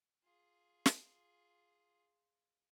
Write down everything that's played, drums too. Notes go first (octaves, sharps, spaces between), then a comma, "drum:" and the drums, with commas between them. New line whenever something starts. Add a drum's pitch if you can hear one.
F4 G#4
drum: snare